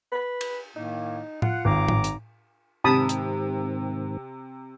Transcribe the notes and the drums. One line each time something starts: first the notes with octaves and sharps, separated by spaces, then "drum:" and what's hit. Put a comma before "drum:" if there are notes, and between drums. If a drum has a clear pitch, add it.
B4
drum: cymbal
A2 D#3 A#3 D#4
F4 F#5, drum: tom A2
G#1 A#5 D6
drum: tom A2
drum: hi-hat
G#2 C3 D#3 C4 A5 B5 D#6
drum: hi-hat